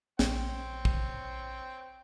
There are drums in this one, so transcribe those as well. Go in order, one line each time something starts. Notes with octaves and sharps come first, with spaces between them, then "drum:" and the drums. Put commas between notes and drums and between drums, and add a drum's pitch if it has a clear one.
A#1 C4 C#5 G5, drum: snare
drum: kick